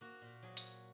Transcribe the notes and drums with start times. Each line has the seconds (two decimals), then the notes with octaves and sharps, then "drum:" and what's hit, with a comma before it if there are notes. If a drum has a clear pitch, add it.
0.01 A#3 F#4
0.22 A#2
0.43 F#3 G#4
0.57 drum: hi-hat